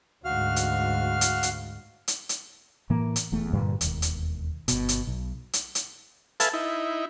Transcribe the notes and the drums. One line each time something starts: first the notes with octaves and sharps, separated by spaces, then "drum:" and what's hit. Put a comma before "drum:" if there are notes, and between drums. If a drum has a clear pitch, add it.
D2 G#2 F#4 F5 F6
drum: hi-hat
drum: hi-hat
drum: hi-hat
drum: hi-hat
drum: hi-hat
A2 E3 A#3
drum: hi-hat
E1 E2 A3
G2 A#2 D3 G3
E1 D#2, drum: hi-hat
drum: hi-hat
G1 B2, drum: hi-hat
drum: hi-hat
B1
drum: hi-hat
drum: hi-hat
A4 B4 E5 F5 G#5 A5, drum: hi-hat
D#4 E4